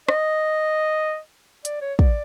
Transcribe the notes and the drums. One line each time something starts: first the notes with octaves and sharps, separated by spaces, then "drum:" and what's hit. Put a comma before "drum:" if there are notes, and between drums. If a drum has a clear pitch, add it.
D#5, drum: rim click
D5, drum: hi-hat
C#5
D5, drum: kick